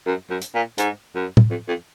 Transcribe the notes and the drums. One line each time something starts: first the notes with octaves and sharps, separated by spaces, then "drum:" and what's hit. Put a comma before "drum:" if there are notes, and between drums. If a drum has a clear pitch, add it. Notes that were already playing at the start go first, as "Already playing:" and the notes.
F#2
F#2
drum: hi-hat
A#2
G#2, drum: hi-hat
F#2
drum: tom A2
F2
F2